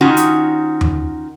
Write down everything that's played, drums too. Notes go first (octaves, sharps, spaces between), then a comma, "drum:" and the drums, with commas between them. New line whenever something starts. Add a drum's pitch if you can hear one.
D#3 C#4 D#4 F4 F#4
drum: hi-hat
drum: tom E2